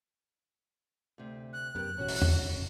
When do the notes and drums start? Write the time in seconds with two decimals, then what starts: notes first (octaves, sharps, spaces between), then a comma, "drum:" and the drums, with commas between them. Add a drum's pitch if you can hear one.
1.18 D2 C3
1.53 F#6
1.75 F#2 B3 G4 A#4
1.98 A1 B2 C#4 F#4
2.08 drum: open hi-hat
2.22 drum: tom E2
2.51 F#1